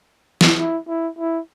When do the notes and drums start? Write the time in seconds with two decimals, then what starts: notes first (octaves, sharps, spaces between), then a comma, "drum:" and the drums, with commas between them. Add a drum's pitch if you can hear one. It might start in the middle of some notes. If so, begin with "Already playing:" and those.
0.41 drum: snare
0.58 E4
0.88 E4
1.19 E4